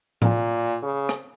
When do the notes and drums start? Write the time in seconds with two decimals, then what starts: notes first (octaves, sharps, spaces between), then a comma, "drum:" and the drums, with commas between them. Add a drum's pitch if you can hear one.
0.22 A#2, drum: tom A2
0.83 C#3
1.09 drum: rim click